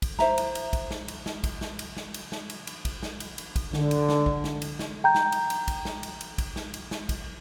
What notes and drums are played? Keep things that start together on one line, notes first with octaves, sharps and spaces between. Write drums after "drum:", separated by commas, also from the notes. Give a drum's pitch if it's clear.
drum: kick, cymbal
E4 C5 E5 A#5, drum: snare
drum: cymbal
drum: cymbal
drum: kick, cymbal
drum: snare
drum: cymbal
drum: snare
drum: kick, cymbal
drum: snare
drum: cymbal
drum: snare
drum: cymbal
drum: snare
drum: cymbal
drum: cymbal
drum: kick, cymbal
drum: snare
drum: cymbal
drum: cymbal
drum: kick, cymbal
D3, drum: snare
drum: cymbal
drum: snare
drum: kick
drum: snare
drum: cymbal
drum: snare
G5 A#5 G6
drum: snare
drum: cymbal
drum: cymbal
drum: kick, cymbal
drum: snare
drum: cymbal
drum: cymbal
drum: kick, cymbal
drum: snare
drum: cymbal
drum: snare
drum: kick, cymbal